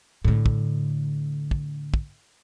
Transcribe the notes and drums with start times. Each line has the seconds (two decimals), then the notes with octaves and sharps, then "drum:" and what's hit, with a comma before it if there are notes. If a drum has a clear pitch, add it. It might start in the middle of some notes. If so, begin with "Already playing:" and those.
0.25 A2 D3
0.46 drum: kick
1.51 drum: kick
1.94 drum: kick